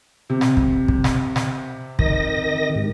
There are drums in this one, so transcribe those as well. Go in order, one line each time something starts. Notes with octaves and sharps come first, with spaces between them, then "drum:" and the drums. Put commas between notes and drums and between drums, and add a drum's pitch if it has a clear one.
C3
drum: snare
drum: kick
drum: kick
drum: snare
drum: snare
D#3 D#5 A#6, drum: kick
G#2